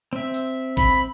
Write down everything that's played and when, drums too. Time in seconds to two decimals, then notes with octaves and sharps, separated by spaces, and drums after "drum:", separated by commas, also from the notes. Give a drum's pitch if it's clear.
0.13 C4 E5
0.34 drum: hi-hat
0.77 B5, drum: kick G#1, hi-hat